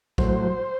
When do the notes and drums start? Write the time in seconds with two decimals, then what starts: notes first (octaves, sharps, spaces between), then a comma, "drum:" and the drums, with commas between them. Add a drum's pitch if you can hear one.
0.18 A2 F#3 C5, drum: kick